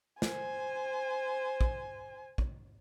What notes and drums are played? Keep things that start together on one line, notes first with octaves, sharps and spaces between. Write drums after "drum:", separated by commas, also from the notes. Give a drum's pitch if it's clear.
C5 G#5, drum: snare
drum: kick
drum: kick